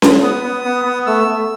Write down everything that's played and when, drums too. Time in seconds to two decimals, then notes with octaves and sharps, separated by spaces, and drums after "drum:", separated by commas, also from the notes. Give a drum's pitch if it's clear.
0.02 drum: snare C#4
0.23 B3 D#6
0.43 B3
0.64 B3
0.85 B3
1.06 A3 E6
1.28 A3